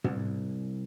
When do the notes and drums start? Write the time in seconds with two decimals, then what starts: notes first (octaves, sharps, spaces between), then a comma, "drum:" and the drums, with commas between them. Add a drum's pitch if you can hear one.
0.04 C2, drum: tom